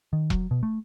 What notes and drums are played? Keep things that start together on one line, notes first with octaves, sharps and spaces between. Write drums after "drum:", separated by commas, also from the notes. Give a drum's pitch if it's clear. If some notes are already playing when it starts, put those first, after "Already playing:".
D#3
F#3, drum: kick E1
B2
A3